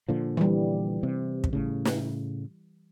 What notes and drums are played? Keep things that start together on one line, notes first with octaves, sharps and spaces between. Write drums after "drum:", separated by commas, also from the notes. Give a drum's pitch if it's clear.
A#2 D3 F3
E3 G3
C3
drum: kick
A2 C#3
drum: snare